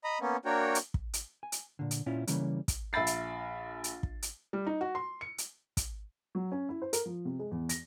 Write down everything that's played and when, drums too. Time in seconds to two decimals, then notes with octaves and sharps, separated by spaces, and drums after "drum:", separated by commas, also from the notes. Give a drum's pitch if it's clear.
0.04 D#5 A#5 B5
0.21 A#3 B3 C#4
0.45 A#3 D4 F#4 A#4 C#5 G5
0.75 drum: hi-hat
0.94 drum: kick
1.13 drum: hi-hat
1.43 G#5
1.52 drum: hi-hat
1.79 A#2 D3
1.91 drum: hi-hat
2.06 A#2 C#4 E4 F4
2.27 C#3 E3 G3 A#3 C#4, drum: hi-hat
2.68 drum: kick, hi-hat
2.93 A#1 E5 B5 A6 C7
3.07 drum: hi-hat
3.84 drum: hi-hat
4.03 drum: kick
4.22 drum: hi-hat
4.53 G3
4.67 D#4
4.81 F#4
4.95 C6
5.21 C#7
5.38 drum: hi-hat
5.77 drum: kick, hi-hat
6.35 F#3
6.52 C#4
6.69 E4
6.82 C5
6.93 A#4, drum: hi-hat
7.05 F3
7.25 C3
7.39 G#3
7.51 E2
7.69 A#6, drum: hi-hat